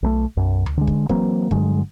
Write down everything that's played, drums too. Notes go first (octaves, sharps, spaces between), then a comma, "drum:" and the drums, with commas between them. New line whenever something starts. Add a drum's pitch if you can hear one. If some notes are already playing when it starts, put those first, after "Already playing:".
B1 F#3 A3
B1 F#2
drum: tom D2
D3 G#3
drum: kick
E3 F#3 A#3 C4, drum: kick
G2 D3 F#3 G#3, drum: kick